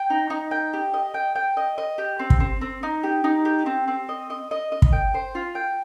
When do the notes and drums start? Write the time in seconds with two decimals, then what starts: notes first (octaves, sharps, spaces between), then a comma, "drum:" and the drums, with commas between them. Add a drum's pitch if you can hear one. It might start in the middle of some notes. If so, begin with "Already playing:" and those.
Already playing: G5
0.10 D#4
0.30 D#4
0.51 G5
0.73 G4
0.94 D#5
1.14 G5
1.35 G5
1.57 D#5
1.78 D#5
1.98 G4
2.19 C4
2.30 drum: kick
2.40 C4
2.61 C4
2.83 D#4
3.03 G4
3.24 D#4
3.45 G4
3.66 C4
3.88 C4
4.09 D#5
4.30 D#5
4.51 D#5
4.72 D#5
4.82 drum: kick
4.93 G5
5.14 C5
5.35 F4
5.55 G5